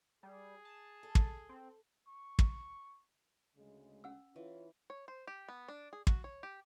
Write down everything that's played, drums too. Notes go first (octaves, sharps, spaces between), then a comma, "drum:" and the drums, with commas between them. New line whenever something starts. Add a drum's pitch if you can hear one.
G3 G#4
A5
A4
drum: kick
C4
C#6
drum: kick
D2 C#3 G#3
C#4 F#5 E6
E3 F4 C#5
C#5
C5
G4
B3
D4
G#4
F#4, drum: kick
C#5
G4